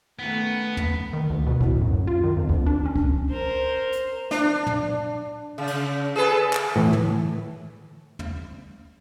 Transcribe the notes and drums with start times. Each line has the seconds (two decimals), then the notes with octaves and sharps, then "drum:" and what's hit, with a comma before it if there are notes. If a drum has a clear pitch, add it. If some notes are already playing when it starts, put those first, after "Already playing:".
0.19 D#3 A3 B3 C#4
0.77 drum: tom
1.13 D#3
1.30 D2
1.46 B2
1.61 A2, drum: kick
1.81 F#2
2.07 F4
2.23 D#3
2.36 F2
2.49 D2, drum: kick
2.66 D4
2.86 C#4
2.96 drum: kick
3.30 A#4 C5
3.93 drum: hi-hat
4.31 D4, drum: snare
4.67 drum: tom
5.58 C#3
5.67 drum: cymbal
6.16 G#4 A4 B4
6.53 drum: clap
6.76 A2 E3
6.93 drum: tom
8.19 drum: tom